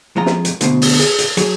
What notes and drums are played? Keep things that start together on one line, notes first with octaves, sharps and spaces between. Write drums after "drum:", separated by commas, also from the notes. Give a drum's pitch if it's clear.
F2 G#3 F4 A#5
drum: snare
drum: hi-hat
D2 B2 C5, drum: hi-hat
drum: open hi-hat
G#4, drum: hi-hat
drum: hi-hat
F#3 G#4 C#5, drum: hi-hat